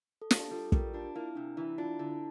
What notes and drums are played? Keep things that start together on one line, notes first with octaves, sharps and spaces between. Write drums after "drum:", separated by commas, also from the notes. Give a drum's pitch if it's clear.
A4
D4 G4, drum: snare
G3 F4 A4
G3 G4 A#4, drum: kick
D4 F4
A#3 E4
C3 D4
E3 E4
D4 F4
D3 E4